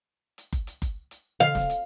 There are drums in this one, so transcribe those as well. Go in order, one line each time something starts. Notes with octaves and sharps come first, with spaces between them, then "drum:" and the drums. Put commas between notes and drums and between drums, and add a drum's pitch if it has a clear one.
drum: hi-hat
drum: kick F#1, hi-hat
drum: hi-hat
drum: kick F#1, hi-hat
drum: hi-hat
F5, drum: tom C#3
drum: snare
drum: hi-hat